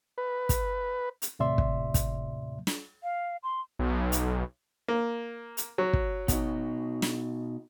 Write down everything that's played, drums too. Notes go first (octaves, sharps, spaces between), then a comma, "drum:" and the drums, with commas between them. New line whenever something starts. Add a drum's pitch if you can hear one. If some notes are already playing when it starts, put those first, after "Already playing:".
B4
drum: kick, hi-hat
drum: hi-hat
D#2 A2 C3 D5 E5 C6
drum: kick
drum: kick, hi-hat
drum: snare
F5
C6
B1
drum: hi-hat
A#3
drum: hi-hat
F#3
drum: kick
B2 D#4, drum: kick, hi-hat
drum: snare